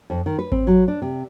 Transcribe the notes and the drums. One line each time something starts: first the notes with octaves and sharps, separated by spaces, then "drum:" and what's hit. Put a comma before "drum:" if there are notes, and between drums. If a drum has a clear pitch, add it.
F2
D#3
B4
C4, drum: kick G#1
F#3
D4
C3